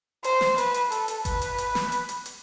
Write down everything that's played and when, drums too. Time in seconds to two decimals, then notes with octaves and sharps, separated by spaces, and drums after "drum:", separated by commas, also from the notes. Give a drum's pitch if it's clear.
0.24 C5, drum: hi-hat
0.41 drum: snare
0.58 B4, drum: hi-hat
0.74 drum: hi-hat
0.92 A4, drum: hi-hat
1.08 drum: hi-hat
1.25 B4, drum: kick G#1, hi-hat
1.42 drum: hi-hat
1.58 drum: hi-hat
1.75 drum: snare
1.92 drum: hi-hat
2.09 drum: hi-hat
2.26 drum: hi-hat